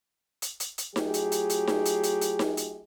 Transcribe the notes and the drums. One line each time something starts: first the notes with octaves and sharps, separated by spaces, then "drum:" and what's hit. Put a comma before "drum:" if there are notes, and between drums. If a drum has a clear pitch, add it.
drum: hi-hat
drum: hi-hat
drum: hi-hat
F#3 A3 F4 G4 G#4, drum: snare D#4
drum: hi-hat
drum: hi-hat
drum: hi-hat
drum: snare D#4
drum: hi-hat
drum: hi-hat
drum: hi-hat
drum: snare D#4
drum: hi-hat